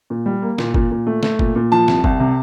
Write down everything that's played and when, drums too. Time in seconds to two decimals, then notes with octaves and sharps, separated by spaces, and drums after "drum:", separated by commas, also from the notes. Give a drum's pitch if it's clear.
0.10 A#2
0.26 G3
0.42 A#3
0.58 A#2, drum: snare
0.74 A#2, drum: kick G1
0.91 A#2
1.07 A3
1.23 A3, drum: snare
1.39 A#2, drum: kick G1
1.56 A#2
1.72 F3 A5
1.88 C2, drum: snare
2.04 C2, drum: kick G1
2.20 C3